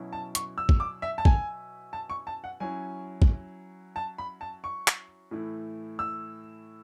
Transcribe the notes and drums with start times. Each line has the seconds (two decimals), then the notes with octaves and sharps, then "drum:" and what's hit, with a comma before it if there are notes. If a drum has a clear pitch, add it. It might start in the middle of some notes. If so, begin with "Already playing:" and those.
Already playing: B2 F#3 C#4 E4
0.13 A5
0.35 C#6, drum: hi-hat
0.58 E6
0.69 drum: kick
0.80 D6
1.02 E5
1.18 A5
1.25 G#5, drum: kick
1.93 A5
2.10 C#6
2.27 A5
2.44 F#5
2.60 F#3 C#4 E4 G#5
3.22 drum: kick
3.96 A5
4.18 B5
4.41 A5
4.64 C#6
4.88 drum: clap
5.31 A2 E3 A3 E4
5.99 E6